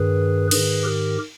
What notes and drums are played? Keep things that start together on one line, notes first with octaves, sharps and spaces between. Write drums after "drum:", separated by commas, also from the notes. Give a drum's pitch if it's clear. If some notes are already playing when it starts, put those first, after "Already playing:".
Already playing: G2 D#3 G#4 B4
G#2 D#3 G#4 B4, drum: cymbal
G4 A#4